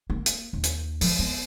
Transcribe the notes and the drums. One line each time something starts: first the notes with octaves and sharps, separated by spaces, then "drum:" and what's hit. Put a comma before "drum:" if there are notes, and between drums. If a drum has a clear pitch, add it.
A#3
drum: hi-hat
D#2
drum: hi-hat
F3, drum: open hi-hat
B3